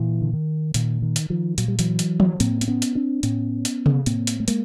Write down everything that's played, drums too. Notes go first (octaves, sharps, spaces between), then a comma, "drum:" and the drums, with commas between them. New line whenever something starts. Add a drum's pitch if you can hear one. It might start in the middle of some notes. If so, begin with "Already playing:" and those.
Already playing: A#2 E3
D3
D#3
A#2 D#3, drum: hi-hat
D#3
drum: hi-hat
D#3 F3
A#2 F#3, drum: hi-hat
G3
E3 F#3, drum: hi-hat
drum: hi-hat
drum: tom F3
A2 A#3 C4, drum: hi-hat
C4, drum: hi-hat
B3 C#4
drum: hi-hat
C4 D4
A2 B3 C#4, drum: hi-hat
drum: hi-hat
drum: tom C3
A2 A#3 C4, drum: hi-hat
drum: hi-hat
A3
G#3 A#3, drum: hi-hat